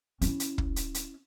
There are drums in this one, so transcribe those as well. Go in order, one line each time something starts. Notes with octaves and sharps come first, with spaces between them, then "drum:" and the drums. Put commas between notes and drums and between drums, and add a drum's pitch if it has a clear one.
C#4 E4, drum: hi-hat
drum: hi-hat
drum: kick
drum: hi-hat
drum: hi-hat